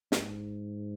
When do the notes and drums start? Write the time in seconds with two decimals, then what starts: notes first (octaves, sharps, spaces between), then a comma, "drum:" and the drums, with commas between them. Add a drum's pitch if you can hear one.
0.12 G#2, drum: snare